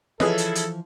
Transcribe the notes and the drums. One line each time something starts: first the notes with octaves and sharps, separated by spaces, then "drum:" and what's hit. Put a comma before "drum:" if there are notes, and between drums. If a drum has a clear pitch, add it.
C#3 E3 F3 E4 G#4 A4 B4 D#5, drum: snare
drum: hi-hat
drum: hi-hat